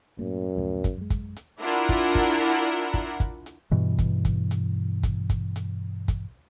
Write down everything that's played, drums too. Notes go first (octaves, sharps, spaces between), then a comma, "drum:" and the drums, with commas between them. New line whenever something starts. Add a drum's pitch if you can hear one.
F#2 A2 A#3
D2 A2 F3
drum: kick, hi-hat
F#2 G#3
drum: kick, hi-hat
drum: hi-hat
D4 E4 F4 A#4 F#5
drum: kick, hi-hat
drum: kick
drum: hi-hat
drum: kick, hi-hat
drum: kick, hi-hat
drum: hi-hat
G2 B2 E3
drum: kick, hi-hat
drum: kick, hi-hat
drum: hi-hat
drum: kick, hi-hat
drum: kick, hi-hat
drum: hi-hat
drum: kick, hi-hat